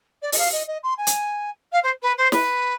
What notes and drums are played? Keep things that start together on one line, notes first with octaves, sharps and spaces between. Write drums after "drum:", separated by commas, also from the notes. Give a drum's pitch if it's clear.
D5
D#5, drum: open hi-hat
F5
D#5
D#5
C6
G#5
drum: hi-hat
F5
C5
B4
C5
B4, drum: snare